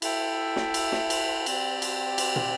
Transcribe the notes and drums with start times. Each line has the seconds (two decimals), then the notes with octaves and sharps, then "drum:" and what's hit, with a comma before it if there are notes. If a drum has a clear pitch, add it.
0.02 E4 A4 E5 G5, drum: cymbal
0.56 drum: snare
0.74 drum: cymbal
0.92 drum: snare
1.10 drum: cymbal
1.46 C4 G4 D5, drum: cymbal
1.82 drum: cymbal
2.18 drum: cymbal
2.36 drum: tom